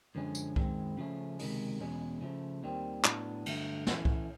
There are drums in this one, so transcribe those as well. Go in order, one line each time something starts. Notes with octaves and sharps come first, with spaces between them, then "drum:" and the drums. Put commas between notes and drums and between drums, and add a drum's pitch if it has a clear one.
F#2 D3 F3 G#3 C#4
drum: tambourine
F#2 D#3 G#3 C4, drum: kick C2
C#3 F3 A3 C#4
C#2 C3 D#3 G#3, drum: open hi-hat
E2 B2 G#3 C#4
C#3 F3 A3
D#2 D#3 G3 C4
A2 F#3 B3 D4, drum: clap
G2 D3 F#3 A3, drum: cymbal
E3 A3 C#4, drum: snare
drum: kick C2